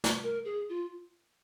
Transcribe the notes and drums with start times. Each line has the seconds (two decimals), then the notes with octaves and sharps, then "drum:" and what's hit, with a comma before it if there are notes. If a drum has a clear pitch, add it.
0.04 drum: snare
0.23 A#4
0.45 G#4
0.69 F4